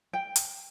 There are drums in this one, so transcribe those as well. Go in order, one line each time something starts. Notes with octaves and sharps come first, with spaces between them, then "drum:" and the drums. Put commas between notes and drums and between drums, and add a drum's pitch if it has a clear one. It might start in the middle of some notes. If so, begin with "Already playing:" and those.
G5
drum: hi-hat